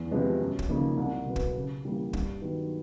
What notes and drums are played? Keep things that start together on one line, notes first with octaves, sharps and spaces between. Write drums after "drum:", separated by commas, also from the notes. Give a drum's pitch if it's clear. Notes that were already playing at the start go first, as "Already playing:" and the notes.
Already playing: E2
C3 F3 G#3 B3
F#2
drum: kick
C#3 F3 A#3 D#4
C2
B2 F#3 B3
drum: kick
C#3
E3 G3 A#3
G2, drum: kick
D#3 F#3 B3